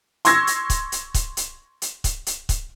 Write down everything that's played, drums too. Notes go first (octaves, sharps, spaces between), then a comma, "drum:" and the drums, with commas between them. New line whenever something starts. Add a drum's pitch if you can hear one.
C6 C#6 E6 G#6 A#6, drum: hi-hat
drum: hi-hat
drum: kick C#1, hi-hat
drum: hi-hat
drum: kick C#1, hi-hat
drum: hi-hat
drum: hi-hat
drum: kick C#1, hi-hat
drum: hi-hat
drum: kick C#1, hi-hat